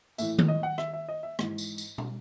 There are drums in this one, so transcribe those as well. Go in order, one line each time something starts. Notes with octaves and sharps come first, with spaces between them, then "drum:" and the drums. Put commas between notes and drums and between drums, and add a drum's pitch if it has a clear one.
A2 E3 E5, drum: tambourine
drum: tom D#3
D#5
F#5
E5, drum: rim click
E5
D#5
E5
G#2 E3, drum: rim click
drum: tambourine
drum: tambourine
drum: tom